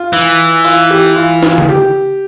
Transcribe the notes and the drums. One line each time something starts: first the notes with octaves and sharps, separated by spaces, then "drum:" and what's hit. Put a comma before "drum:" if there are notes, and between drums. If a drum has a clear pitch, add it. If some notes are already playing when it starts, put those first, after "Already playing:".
Already playing: F4
E3
F4, drum: open hi-hat
G4
F4
F4, drum: snare
drum: tom C#3
G4